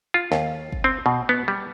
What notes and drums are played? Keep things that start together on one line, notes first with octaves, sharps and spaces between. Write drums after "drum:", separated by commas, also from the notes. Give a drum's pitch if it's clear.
F4
D#2, drum: snare
drum: kick
C4
B2
B3
G3